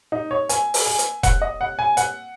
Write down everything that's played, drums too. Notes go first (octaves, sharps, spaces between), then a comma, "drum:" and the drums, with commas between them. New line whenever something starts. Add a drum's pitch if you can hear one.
D#4
C#5
G#5, drum: hi-hat
drum: open hi-hat
G#5
drum: hi-hat
F#5, drum: kick E1, hi-hat
D#5
F#5
G#5
F#5, drum: hi-hat